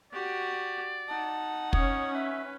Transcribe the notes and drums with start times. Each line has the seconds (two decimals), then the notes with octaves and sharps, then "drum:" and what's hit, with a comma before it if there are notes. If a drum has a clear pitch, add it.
0.13 F#4 G4 D5
1.09 D#4 F#5 A5
1.73 C#4 C#5 D#6, drum: kick
2.14 B4 E5